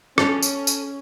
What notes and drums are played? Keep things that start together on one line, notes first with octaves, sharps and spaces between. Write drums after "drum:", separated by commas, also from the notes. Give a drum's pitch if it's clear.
C#4 A4 C#5, drum: rim click
drum: tambourine
drum: tambourine